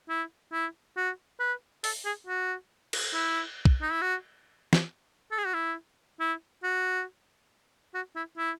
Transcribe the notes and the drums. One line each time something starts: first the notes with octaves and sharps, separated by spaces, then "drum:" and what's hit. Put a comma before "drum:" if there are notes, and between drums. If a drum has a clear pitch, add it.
E4
E4
F#4
B4
A4, drum: open hi-hat
G#4
F#4
drum: cymbal
E4
drum: kick
D#4
E4
F#4
drum: snare
A4
G#4
F#4
E4
E4
F#4
F#4
E4
E4